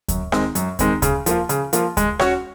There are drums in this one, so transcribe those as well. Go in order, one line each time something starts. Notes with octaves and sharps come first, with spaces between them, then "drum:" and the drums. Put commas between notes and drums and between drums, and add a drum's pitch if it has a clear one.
F#2, drum: kick D2, hi-hat
D#3 G#3 C4, drum: rim click
F#2, drum: hi-hat
D#3 G#3 C4, drum: kick D2, hi-hat
C#3, drum: kick D2, hi-hat
F3 A#3 F4, drum: hi-hat
C#3, drum: hi-hat
F3 A#3 F4, drum: hi-hat
G#3, drum: kick D2, hi-hat
C#4 F#4 C#5, drum: rim click